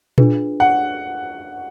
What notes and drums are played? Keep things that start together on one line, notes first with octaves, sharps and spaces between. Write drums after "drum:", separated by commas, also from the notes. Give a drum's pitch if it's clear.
D4 F4 G#4 B4, drum: tom A#2
F#5